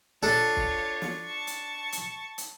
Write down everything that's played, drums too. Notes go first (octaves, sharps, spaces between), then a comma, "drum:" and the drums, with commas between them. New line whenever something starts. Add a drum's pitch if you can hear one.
D4 F4 A4 C#5
drum: kick
drum: snare
A5 C#6
drum: hi-hat
drum: hi-hat
drum: hi-hat